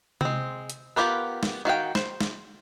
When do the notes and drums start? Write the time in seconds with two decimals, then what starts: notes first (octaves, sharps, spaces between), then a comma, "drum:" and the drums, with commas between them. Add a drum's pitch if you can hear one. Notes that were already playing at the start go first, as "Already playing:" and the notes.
0.21 G#3 C4, drum: tom C3
0.70 drum: hi-hat
0.96 B3 F4 G4 A#4 B4
1.43 drum: snare
1.65 D#3 F#4 F5 G5
1.95 C5, drum: snare
2.21 drum: snare